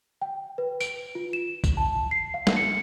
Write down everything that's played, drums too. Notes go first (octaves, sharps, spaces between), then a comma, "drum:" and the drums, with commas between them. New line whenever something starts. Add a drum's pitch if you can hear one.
G5
B4
D7, drum: tambourine
F4
E7
drum: kick C2, tambourine
A5
C7
F5
drum: snare
C#7